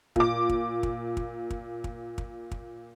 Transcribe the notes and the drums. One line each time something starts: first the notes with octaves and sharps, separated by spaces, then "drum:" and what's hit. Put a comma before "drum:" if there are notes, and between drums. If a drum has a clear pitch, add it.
A#2 D6, drum: kick
drum: kick
drum: kick
drum: kick
drum: kick
drum: kick
drum: kick
drum: kick